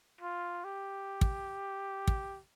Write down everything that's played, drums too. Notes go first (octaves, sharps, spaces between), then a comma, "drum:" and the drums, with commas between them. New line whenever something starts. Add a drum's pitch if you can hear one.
F4
G4
drum: kick
drum: kick